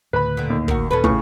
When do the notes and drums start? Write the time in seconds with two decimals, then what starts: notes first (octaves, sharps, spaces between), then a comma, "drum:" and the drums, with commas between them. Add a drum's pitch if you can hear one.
0.13 D2 A2 C#3 B4 B5
0.37 A#2 D3
0.50 D#2
0.68 F#4 A#4, drum: kick
0.91 D#2 A#2 D#3 C#4 A4 B4
1.04 A2 C#3 C#6, drum: kick